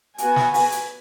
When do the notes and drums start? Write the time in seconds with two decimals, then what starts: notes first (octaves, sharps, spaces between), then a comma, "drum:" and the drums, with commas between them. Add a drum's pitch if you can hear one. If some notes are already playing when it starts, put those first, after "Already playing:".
0.18 B3 F#4 G#5, drum: hi-hat
0.36 drum: snare
0.54 drum: open hi-hat
0.72 drum: hi-hat